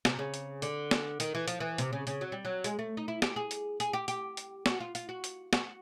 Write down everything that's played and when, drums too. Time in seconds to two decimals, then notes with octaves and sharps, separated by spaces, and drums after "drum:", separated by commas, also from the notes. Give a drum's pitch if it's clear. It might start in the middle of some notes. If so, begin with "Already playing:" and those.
0.05 C3, drum: snare
0.19 C#3
0.34 drum: hi-hat
0.62 D3, drum: hi-hat
0.91 drum: snare
1.20 D#3, drum: hi-hat
1.35 E3
1.48 F3, drum: hi-hat
1.60 E3
1.78 C3, drum: hi-hat
1.93 C#3
2.07 C#3, drum: hi-hat
2.21 F#3
2.32 G3
2.45 F#3
2.64 G#3, drum: hi-hat
2.79 A3
2.97 D#4
3.08 E4
3.22 G4, drum: snare
3.36 G#4
3.51 drum: hi-hat
3.80 G#4, drum: hi-hat
3.93 G4
4.08 G4, drum: hi-hat
4.37 drum: hi-hat
4.66 F#4, drum: snare
4.80 F4
4.95 F4, drum: hi-hat
5.09 F#4
5.24 drum: hi-hat
5.53 F#4, drum: snare